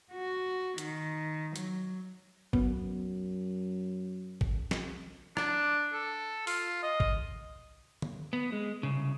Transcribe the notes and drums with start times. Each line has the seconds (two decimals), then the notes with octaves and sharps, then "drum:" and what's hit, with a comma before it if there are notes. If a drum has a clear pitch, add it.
0.12 F#4
0.78 D#3, drum: hi-hat
1.56 F#3, drum: hi-hat
2.53 F#2 B3, drum: kick G#1
4.41 drum: kick G#1
4.71 drum: snare
5.37 D4, drum: rim click
5.93 A4
6.47 F4, drum: open hi-hat
6.83 D#5
7.00 drum: kick G#1
8.02 drum: tom D3
8.33 B3
8.52 G#3
8.83 C2 C#3